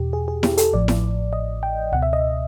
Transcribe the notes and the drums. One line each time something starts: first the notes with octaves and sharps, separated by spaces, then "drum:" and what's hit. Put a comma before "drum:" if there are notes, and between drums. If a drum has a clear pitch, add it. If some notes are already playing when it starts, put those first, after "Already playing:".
Already playing: E2 B2 G4
G#4
G#4
G4, drum: snare E4
A4, drum: hi-hat
A1 A2 F3 D5
drum: snare E4
D#5
G5
C#2 B2 F#5
E5
D#5